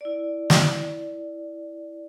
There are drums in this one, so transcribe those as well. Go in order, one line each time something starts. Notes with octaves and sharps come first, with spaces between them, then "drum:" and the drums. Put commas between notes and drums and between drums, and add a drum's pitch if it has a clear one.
E4 D5
drum: snare